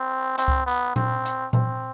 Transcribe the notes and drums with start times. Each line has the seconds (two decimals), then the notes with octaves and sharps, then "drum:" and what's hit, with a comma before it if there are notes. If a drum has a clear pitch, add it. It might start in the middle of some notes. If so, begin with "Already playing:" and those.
Already playing: C4
0.38 C4, drum: hi-hat
0.48 drum: kick C#2
0.66 B3
0.96 C4, drum: tom A#2
1.25 drum: hi-hat
1.53 C4, drum: tom A#2